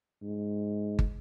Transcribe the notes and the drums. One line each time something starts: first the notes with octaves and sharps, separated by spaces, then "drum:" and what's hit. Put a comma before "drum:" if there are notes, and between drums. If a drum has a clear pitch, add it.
G#2
drum: kick